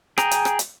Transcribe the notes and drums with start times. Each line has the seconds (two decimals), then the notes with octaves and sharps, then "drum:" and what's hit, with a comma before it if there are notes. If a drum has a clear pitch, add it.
0.18 G#4 G5 A#5, drum: rim click
0.31 drum: hi-hat
0.45 drum: rim click
0.59 drum: hi-hat